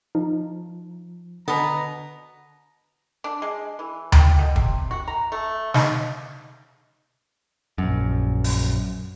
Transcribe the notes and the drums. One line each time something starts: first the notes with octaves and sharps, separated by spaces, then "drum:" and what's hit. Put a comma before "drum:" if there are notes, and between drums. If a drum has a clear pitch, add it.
F3 D#4
B2 D3 B3 B4 A#5
D4
G#3
E3
G5, drum: tom D2
B2
C3, drum: kick
F#4
A#5
A3
D#4, drum: snare
A#1 F#2
drum: open hi-hat